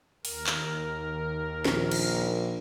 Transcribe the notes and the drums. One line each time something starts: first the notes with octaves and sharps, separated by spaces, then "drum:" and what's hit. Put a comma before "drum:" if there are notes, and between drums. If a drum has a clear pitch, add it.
D#2 A#4, drum: open hi-hat
drum: clap
A#1, drum: snare
drum: cymbal